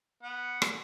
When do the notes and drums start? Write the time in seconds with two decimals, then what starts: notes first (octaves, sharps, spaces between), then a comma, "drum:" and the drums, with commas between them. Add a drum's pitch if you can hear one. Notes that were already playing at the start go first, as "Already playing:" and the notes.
0.23 B3 F#5
0.62 drum: rim click